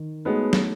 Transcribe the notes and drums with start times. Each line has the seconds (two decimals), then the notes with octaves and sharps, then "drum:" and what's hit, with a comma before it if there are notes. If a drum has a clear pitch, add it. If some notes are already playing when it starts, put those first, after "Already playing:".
Already playing: D#3
0.25 G#3 A3 B3 D#4 F#4 C#5
0.53 drum: snare